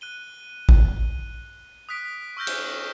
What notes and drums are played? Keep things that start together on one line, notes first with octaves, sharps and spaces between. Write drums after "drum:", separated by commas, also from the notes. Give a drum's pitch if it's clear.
F#6 D#7 G7
drum: kick
D#6 F#6 B6 D7
C#6 E6 F6 G6 A#6
drum: cymbal